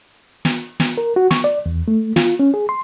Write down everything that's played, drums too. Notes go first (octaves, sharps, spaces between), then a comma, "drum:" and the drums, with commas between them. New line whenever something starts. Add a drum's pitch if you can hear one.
drum: snare
drum: snare
A#4
F#4
C#6, drum: snare
D5
E2
A3
F4, drum: snare
C#4
G#4
C6